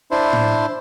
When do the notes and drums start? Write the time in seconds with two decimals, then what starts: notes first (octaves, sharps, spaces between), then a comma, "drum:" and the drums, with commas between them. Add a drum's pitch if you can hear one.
0.11 D4 E4 C5
0.33 drum: tom A2